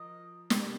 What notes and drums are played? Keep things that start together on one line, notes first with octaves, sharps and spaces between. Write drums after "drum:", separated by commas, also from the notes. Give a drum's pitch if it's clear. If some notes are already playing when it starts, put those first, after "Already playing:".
Already playing: F3 A#4 D#5
C3 G3 A#3 D4, drum: snare